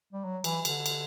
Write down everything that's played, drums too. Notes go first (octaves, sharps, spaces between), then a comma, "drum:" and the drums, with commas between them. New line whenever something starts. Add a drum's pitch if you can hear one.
G3
F#3
E3, drum: cymbal
D3, drum: cymbal
drum: cymbal